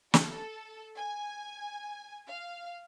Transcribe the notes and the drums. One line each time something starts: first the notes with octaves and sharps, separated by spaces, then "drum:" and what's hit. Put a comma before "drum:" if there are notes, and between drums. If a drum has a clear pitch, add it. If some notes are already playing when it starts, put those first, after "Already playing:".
A4, drum: snare
G#5
F5